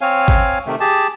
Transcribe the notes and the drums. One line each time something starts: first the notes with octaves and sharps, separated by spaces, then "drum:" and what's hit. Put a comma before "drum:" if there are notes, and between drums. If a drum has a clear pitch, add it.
C4 C#5 F5 G#5
drum: kick
C3 D#3 A3
G4 G#4 A5